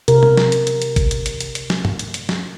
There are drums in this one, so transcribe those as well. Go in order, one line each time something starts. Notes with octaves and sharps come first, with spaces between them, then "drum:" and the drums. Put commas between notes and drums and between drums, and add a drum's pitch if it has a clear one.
C3 A#4, drum: hi-hat
drum: tom
drum: snare
drum: hi-hat
drum: hi-hat
drum: hi-hat
drum: kick A1, hi-hat
drum: hi-hat
drum: hi-hat
drum: hi-hat
drum: hi-hat
drum: snare
drum: tom G2
drum: hi-hat
drum: hi-hat
drum: snare